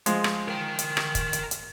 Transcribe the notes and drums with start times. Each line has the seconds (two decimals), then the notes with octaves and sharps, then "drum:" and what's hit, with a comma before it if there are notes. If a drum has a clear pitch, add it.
0.06 F3 G#3, drum: hi-hat
0.24 drum: rim click
0.48 A#4 G5
0.79 drum: hi-hat
0.97 drum: rim click
1.15 drum: kick, hi-hat
1.33 drum: hi-hat
1.51 drum: hi-hat